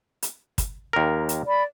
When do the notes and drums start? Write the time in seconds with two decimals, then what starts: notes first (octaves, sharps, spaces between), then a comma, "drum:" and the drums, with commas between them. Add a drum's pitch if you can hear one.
0.22 drum: hi-hat
0.58 drum: kick, hi-hat
0.93 D#2 A#4
1.29 drum: hi-hat
1.46 D5 B5